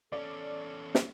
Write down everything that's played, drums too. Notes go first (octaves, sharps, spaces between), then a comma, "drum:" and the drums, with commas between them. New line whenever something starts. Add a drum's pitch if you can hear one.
E2 C#4 A4 D5
drum: snare